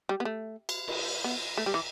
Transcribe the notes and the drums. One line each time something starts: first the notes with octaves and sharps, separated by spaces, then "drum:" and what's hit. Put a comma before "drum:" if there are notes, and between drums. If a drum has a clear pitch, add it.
G3
B3
A3
drum: cymbal
drum: cymbal
B3
A3
G3
E3